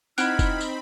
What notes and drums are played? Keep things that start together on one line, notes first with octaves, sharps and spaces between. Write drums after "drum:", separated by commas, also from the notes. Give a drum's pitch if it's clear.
C4 D#4 E4 F#4 B5 F6 F#6, drum: tambourine
drum: kick F1, tambourine
drum: tambourine